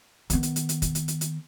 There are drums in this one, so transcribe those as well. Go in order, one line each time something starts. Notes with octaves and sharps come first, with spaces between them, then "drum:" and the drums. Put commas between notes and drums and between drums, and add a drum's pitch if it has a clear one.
D#3 B3, drum: hi-hat
drum: hi-hat
drum: hi-hat
drum: hi-hat
drum: kick, hi-hat
drum: hi-hat
drum: hi-hat
drum: hi-hat